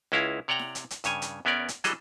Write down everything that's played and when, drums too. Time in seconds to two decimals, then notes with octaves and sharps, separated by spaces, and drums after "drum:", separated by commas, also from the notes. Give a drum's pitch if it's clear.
0.12 C#2 G#3 C#4 E4 F5 A#5
0.48 C3 C#5 D5 F#5 G5 A#5
0.59 drum: snare E4
0.75 drum: hi-hat
0.91 drum: hi-hat
1.04 G2 C#3 C#5 G#5, drum: hi-hat
1.22 drum: hi-hat
1.45 E2 B3 C#4 A#4 D5
1.68 drum: hi-hat
1.84 E3 F#3 G3 G#4 A4 D#5, drum: hi-hat